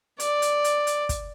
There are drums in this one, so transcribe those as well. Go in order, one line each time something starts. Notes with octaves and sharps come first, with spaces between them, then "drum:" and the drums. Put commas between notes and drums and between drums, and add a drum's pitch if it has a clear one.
D5, drum: hi-hat
drum: hi-hat
drum: hi-hat
drum: hi-hat
drum: kick, hi-hat